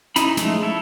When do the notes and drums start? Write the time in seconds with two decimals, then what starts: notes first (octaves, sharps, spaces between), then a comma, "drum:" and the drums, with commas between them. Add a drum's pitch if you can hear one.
0.16 C#4 D#4 E4 B5, drum: hi-hat
0.37 F3 G#3 A3 D#4, drum: hi-hat
0.62 E4 A4 C#5